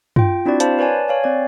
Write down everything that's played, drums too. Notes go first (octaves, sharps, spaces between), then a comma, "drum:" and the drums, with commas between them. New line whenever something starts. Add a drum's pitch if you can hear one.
F4 G5, drum: tom
C4 D4 E4 F#4 D5
C5 F5 A5 B5, drum: hi-hat
B4 C#5 D5 G#5 A5
C#5 F5 G#5
C4 D5